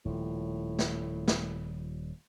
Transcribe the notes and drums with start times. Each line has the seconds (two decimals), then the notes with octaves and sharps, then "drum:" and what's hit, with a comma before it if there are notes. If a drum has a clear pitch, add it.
0.05 D#1 A2 F3
0.79 drum: snare
1.28 drum: snare